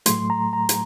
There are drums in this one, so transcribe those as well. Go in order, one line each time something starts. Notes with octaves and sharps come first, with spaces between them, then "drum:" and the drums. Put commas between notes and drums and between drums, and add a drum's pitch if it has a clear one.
A2 F#3 A3 C6, drum: hi-hat
A#5
A#5
drum: hi-hat